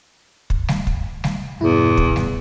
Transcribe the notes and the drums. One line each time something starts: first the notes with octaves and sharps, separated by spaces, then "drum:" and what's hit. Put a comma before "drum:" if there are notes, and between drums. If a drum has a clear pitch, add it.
drum: kick
drum: snare
drum: kick
drum: snare
E2 G2 B2 E4
drum: kick
drum: snare